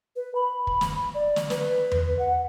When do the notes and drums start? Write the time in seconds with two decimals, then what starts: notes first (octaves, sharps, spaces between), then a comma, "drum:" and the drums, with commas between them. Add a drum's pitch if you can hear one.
0.16 B4
0.35 B5
0.67 drum: kick
0.81 drum: snare
1.15 D5
1.36 drum: snare
1.50 B4, drum: snare
1.91 drum: tom E2
2.19 F#5